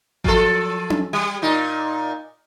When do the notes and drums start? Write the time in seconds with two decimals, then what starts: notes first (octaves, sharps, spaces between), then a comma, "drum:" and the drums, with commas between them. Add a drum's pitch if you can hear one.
0.24 F3 A4, drum: kick G#1
0.90 drum: tom C#4
1.13 G3
1.42 A#2 D#4